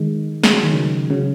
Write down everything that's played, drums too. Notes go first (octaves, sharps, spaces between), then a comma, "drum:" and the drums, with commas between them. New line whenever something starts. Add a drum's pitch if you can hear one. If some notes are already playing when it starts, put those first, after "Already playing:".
Already playing: D#3 G#3
G#3, drum: snare
F#3
D#3
C#3 F#3
C#3 F#3